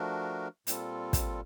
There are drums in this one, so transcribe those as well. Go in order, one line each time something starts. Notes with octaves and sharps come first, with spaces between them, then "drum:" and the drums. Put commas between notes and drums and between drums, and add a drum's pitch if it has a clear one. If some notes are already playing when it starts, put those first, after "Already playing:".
Already playing: F3 A3 D4 F#4 A#4
A#2 G3 C4 F4 A4, drum: hi-hat
drum: kick, hi-hat